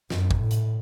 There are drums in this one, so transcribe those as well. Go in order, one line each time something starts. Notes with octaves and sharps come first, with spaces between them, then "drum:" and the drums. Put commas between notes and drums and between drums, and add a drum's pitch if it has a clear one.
F#2, drum: snare
drum: kick G#1
A2
drum: hi-hat